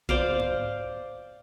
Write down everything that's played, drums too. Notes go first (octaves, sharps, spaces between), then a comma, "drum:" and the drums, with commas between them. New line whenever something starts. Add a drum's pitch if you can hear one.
C5 D5 F5, drum: kick
drum: tom G#2